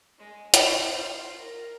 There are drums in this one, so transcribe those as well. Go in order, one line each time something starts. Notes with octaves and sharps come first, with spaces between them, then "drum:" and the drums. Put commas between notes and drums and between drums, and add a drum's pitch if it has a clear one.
G#3
C5, drum: hi-hat
F4
A#4